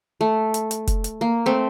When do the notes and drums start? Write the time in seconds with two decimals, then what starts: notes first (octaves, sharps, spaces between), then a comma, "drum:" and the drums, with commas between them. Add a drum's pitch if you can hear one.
0.21 A3
0.54 drum: hi-hat
0.71 drum: hi-hat
0.87 drum: kick F1, hi-hat
1.04 drum: hi-hat
1.21 A#3
1.46 A3 C4